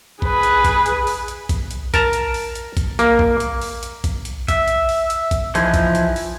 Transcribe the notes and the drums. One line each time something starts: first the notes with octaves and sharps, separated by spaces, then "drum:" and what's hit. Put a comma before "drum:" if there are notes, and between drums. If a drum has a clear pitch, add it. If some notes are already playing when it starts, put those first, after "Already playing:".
G#4 B4, drum: kick A#1
drum: hi-hat
drum: kick A#1, hi-hat
drum: hi-hat
drum: open hi-hat
drum: hi-hat
drum: kick A#1, hi-hat
drum: hi-hat
A#4 A5 A#5, drum: kick A#1, hi-hat
drum: hi-hat
drum: open hi-hat
drum: hi-hat
drum: kick A#1, hi-hat
A#3, drum: hi-hat
drum: kick A#1
drum: hi-hat
drum: open hi-hat
drum: hi-hat
drum: kick A#1, hi-hat
drum: hi-hat
E5, drum: kick A#1, hi-hat
drum: hi-hat
drum: open hi-hat
drum: hi-hat
drum: kick A#1, hi-hat
E3 F3 D#4 E4 G#4, drum: hi-hat
drum: kick A#1, hi-hat
drum: hi-hat
drum: open hi-hat